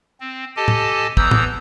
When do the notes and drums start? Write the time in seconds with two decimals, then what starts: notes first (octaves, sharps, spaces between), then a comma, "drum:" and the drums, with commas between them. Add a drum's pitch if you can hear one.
0.20 C4
0.56 G4 A4 D#5 G#5 A5
0.68 drum: tom A2
1.17 E2 E3 A#5 D#6 E6 G6, drum: kick
1.31 drum: tom